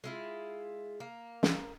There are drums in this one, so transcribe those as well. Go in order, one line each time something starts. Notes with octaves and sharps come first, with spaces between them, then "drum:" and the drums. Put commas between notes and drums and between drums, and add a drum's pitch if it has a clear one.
G#3 E4 F4
A#3
drum: snare